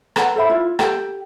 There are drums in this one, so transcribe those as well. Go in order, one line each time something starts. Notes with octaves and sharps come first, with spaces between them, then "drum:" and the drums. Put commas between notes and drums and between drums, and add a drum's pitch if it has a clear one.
A4 B4 F#5 A#5, drum: rim click
A4 C5 E5 B5
E4 F4
G4 A4 F#5 G5, drum: rim click